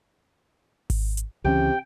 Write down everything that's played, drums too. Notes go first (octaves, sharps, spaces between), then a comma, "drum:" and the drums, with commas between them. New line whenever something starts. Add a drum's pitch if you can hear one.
drum: kick G#1, open hi-hat
drum: hi-hat
C#2 C3 E3 C#4 G5